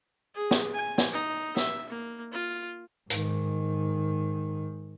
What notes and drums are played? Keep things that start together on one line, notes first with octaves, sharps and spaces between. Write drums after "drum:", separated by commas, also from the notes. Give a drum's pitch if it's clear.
G#4
drum: snare
G#5
drum: snare
D#4
E5, drum: snare
A#3
F4
G#2 D#3, drum: hi-hat